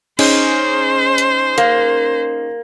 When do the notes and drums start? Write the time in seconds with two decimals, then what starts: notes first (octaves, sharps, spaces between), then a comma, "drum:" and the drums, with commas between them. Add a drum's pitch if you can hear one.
0.19 C#4 D#4 G#4 C5, drum: cymbal
1.18 drum: hi-hat
1.58 A#3, drum: hi-hat